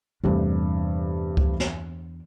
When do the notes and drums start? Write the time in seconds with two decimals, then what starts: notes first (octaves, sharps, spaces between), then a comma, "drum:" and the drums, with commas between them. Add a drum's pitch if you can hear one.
0.24 E2 G2 C3 A3 D4
1.37 drum: kick C#2
1.60 drum: snare